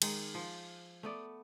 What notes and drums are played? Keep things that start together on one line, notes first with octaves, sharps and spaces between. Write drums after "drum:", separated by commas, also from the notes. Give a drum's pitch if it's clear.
D#3 G#3, drum: cymbal
F3
A3 B3 D5